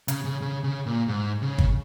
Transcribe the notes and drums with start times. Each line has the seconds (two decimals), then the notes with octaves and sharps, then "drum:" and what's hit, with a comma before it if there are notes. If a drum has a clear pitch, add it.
0.08 C#3, drum: hi-hat
0.25 C#3
0.41 C#3
0.63 C#3
0.86 A#2
1.08 G#2
1.42 C#3
1.58 drum: kick